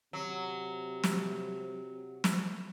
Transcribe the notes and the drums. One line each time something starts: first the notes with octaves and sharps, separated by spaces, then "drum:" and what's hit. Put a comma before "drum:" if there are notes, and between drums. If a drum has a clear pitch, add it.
C3 F#3
drum: snare
drum: snare